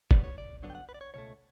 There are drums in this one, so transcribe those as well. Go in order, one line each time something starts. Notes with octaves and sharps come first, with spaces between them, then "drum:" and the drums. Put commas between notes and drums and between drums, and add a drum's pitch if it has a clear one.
A2 G3 B3 D5, drum: kick
C#5
D5
G2 D3 F#3 B3 D4
G5
F#5
B4
D5
C#5
C#2 B2 A3 C#5